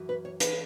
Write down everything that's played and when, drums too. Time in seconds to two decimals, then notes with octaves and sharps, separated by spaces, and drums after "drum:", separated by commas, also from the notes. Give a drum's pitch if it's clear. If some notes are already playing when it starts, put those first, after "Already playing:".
Already playing: F#2 E3
0.09 B4
0.25 C#5
0.40 E3 B4, drum: hi-hat